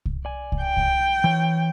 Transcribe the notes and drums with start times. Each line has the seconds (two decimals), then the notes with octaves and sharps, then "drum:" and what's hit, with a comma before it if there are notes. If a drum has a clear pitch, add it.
0.05 drum: kick C2
0.25 D5 G#5
0.52 drum: kick C2
0.63 G5
0.77 drum: kick C2
1.24 E3 C#5